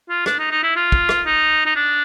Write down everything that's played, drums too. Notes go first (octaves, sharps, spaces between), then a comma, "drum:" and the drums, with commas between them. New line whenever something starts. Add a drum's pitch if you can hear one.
F4
D4, drum: rim click
D#4
D#4
E4
F4
drum: kick
drum: rim click
D#4
D#4
D4